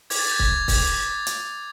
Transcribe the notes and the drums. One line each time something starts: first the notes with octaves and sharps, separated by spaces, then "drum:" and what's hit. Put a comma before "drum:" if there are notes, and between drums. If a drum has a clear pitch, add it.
D6 G#6, drum: open hi-hat
A6
G#6
G6
G#6, drum: kick C#1
G6
G#6, drum: kick C#1, open hi-hat
D6
drum: hi-hat